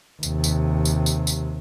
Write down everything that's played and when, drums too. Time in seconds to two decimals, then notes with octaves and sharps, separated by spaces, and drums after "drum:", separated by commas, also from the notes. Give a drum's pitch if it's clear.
0.23 D#2 C3, drum: tambourine
0.44 drum: tambourine
0.85 drum: tambourine
1.06 drum: tambourine
1.27 drum: tambourine